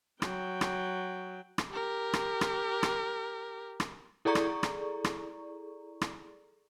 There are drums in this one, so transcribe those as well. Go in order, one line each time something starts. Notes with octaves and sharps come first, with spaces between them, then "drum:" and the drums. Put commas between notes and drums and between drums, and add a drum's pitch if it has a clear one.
F#3 G5, drum: rim click
drum: rim click
drum: rim click
G4 A#4
drum: rim click
drum: rim click
drum: rim click
drum: rim click
E4 G#4 A4 D5 A#5 C#6
drum: rim click
drum: rim click
drum: rim click
drum: rim click